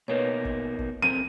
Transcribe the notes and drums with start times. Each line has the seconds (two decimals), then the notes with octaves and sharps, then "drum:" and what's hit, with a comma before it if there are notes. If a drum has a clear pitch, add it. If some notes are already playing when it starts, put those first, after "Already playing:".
0.08 B2 A#3 D#4 B4 C#5
0.45 drum: kick
0.79 drum: kick
1.02 F2 C4 A#4 D#7